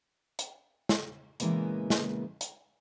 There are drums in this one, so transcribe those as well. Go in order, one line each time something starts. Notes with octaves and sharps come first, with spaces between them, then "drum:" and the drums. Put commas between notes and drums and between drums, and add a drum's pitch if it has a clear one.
drum: hi-hat
drum: snare
A#2 C#3 E3 G#3 A#3 B3, drum: hi-hat
drum: snare
drum: hi-hat